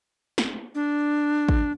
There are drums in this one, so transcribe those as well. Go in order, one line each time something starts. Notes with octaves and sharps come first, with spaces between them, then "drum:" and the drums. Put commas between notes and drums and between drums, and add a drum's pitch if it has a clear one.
drum: snare
D4
drum: kick